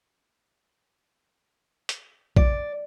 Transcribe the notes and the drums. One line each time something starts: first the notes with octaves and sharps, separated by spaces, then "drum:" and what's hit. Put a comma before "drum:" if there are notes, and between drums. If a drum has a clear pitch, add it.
drum: hi-hat
D5, drum: kick